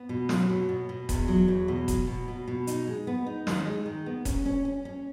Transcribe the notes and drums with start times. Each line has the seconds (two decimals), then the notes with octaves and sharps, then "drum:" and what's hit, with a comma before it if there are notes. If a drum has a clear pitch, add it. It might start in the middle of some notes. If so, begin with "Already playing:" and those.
Already playing: B3
0.09 B2
0.29 F#3, drum: snare
0.49 B2
0.69 B2
0.89 B2
1.09 E2, drum: kick E1, hi-hat
1.28 F#3
1.48 E2
1.68 B2
1.88 F#3, drum: kick E1, hi-hat
2.07 B2
2.28 B2
2.48 B2
2.67 D#4, drum: hi-hat
2.87 G#3
3.07 B3
3.26 D#4
3.47 D#3, drum: snare
3.66 G#3
3.86 D#3
4.06 B3
4.25 C#4, drum: kick E1, hi-hat
4.45 C#4
4.65 C#4
4.85 C#4